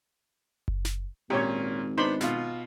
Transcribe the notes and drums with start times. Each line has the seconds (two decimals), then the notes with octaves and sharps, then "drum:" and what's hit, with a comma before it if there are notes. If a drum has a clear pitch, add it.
0.68 drum: kick F#1
0.85 drum: snare
1.30 G#1 A#2 D#3 C#4 G4 C#5
1.98 B3 D4 D#4 C5 B5 C6
2.21 B2 F4, drum: snare